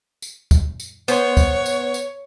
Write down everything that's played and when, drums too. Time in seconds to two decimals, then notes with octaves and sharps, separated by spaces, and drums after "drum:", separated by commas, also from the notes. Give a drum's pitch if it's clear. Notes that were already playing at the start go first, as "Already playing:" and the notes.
0.22 drum: tambourine
0.51 drum: kick, tambourine
0.80 drum: tambourine
1.08 B3 C5 C#5, drum: tambourine
1.37 drum: kick, tambourine
1.66 drum: tambourine
1.94 drum: tambourine